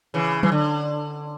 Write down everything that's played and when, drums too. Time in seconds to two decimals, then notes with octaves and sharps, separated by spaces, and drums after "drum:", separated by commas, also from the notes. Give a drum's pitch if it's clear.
0.14 C#3 E3
0.43 E3, drum: tom F#3
0.52 D3